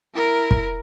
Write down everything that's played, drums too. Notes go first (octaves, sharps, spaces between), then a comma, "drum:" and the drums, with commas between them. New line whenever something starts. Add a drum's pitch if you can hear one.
E4 A#4
drum: kick